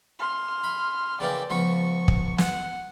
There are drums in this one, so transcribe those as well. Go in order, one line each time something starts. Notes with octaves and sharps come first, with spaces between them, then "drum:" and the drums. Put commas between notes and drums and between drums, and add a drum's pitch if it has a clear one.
C6 F6
B5
C#3 E3 A#3 D5 G5
C#2 F3 B3 C#6
drum: kick
F#5 C6, drum: snare